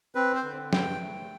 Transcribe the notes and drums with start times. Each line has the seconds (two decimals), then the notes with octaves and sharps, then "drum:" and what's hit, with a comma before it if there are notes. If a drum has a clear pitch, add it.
0.15 C4 B4
0.35 C5
0.44 D3
0.73 G2 G5, drum: snare
1.01 A3